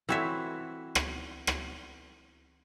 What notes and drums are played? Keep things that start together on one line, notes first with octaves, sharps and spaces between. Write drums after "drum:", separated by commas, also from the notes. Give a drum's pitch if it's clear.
E3 C4 E4 F#4 C#5 E5
drum: rim click
drum: rim click